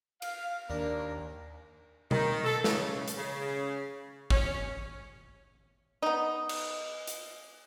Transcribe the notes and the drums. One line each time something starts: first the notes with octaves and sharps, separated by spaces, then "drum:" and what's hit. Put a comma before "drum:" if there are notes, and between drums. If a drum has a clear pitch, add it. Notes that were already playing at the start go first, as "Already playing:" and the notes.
F5, drum: cymbal
D#2 A#3 D4 A#4
D#3, drum: tom B2
A4
C#3, drum: snare
drum: hi-hat
C#3
C#4, drum: kick
B3 D#4
drum: cymbal
drum: hi-hat